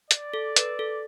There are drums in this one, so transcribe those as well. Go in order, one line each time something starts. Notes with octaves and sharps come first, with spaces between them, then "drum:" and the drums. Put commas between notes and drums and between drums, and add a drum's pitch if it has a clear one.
D5, drum: hi-hat
A4
B4, drum: hi-hat
A4